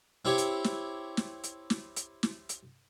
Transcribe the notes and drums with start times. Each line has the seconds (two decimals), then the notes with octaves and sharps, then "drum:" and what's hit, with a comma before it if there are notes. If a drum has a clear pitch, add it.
0.25 C4 E4 G4 C#5
0.38 drum: hi-hat
0.64 drum: snare
1.17 drum: snare
1.44 drum: hi-hat
1.70 drum: snare
1.96 drum: hi-hat
2.23 drum: snare
2.49 drum: hi-hat